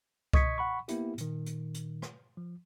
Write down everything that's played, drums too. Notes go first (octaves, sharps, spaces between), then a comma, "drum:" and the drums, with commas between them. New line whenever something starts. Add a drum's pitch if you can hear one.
D#5 C#6 D#6 G#6 B6 C#7, drum: kick C2
F#5 B5 C#6
A#3 B3 E4 G4, drum: hi-hat
A#2 D#3, drum: hi-hat
drum: hi-hat
drum: hi-hat
drum: rim click
F3